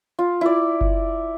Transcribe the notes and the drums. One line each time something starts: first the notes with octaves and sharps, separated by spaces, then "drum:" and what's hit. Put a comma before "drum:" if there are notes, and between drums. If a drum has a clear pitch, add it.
F4
E4 D5
drum: kick F#1